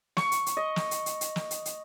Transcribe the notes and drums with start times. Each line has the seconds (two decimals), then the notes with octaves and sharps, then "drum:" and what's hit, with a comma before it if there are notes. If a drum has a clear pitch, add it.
0.17 C#6, drum: snare
0.32 drum: hi-hat
0.46 drum: hi-hat
0.57 D#5
0.76 drum: snare
0.91 drum: hi-hat
1.06 drum: hi-hat
1.21 drum: hi-hat
1.36 drum: snare
1.51 drum: hi-hat
1.65 drum: hi-hat